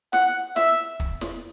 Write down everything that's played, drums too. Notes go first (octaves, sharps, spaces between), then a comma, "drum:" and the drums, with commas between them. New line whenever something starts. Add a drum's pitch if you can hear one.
F#5, drum: snare
E5, drum: snare
drum: kick
drum: snare